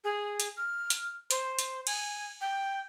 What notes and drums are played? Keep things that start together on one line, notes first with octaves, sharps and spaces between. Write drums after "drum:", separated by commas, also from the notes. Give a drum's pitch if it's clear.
G#4
drum: hi-hat
F6
drum: hi-hat
C5, drum: hi-hat
drum: hi-hat
G#5, drum: cymbal
G5